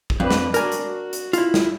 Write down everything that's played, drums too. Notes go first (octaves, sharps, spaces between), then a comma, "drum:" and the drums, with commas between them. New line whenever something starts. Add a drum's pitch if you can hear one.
drum: kick A1
F2 D4 B4
drum: snare
D4 F#4 A#4 G#5, drum: hi-hat
drum: hi-hat
F#4
drum: hi-hat
E4 F4, drum: hi-hat
drum: snare